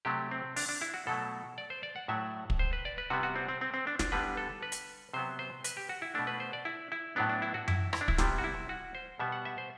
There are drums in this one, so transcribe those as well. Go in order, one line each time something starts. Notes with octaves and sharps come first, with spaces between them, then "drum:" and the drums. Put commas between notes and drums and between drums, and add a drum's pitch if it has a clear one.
C3 F#3 A3 G4
C4
D4, drum: open hi-hat
D4
E4
F#4
B2 F#3 A3 A4
D5
C5
D5
F#5
A2 F#3 A3 E5
drum: kick
C5
B4
D5
B4
C3 G3 B3 F#4
F#4
C4
C4
C4
C4
D4
D4, drum: snare
D3 G3 B3 B4
A4
B4
drum: hi-hat
C3 F#3 B3 C5
C5
B4, drum: hi-hat
G4
F#4
E4
B2 A3 D4
B4
C5
D5
E4
E4
A2 F#3 B3 D4
D4
E4
F#4
E4, drum: tom F#2
E4, drum: rim click
D4
E4, drum: kick
C3 G3 B3, drum: snare
F#4
E4
F#4
C5
B2 G3 B3 E5
F#5
E5
C5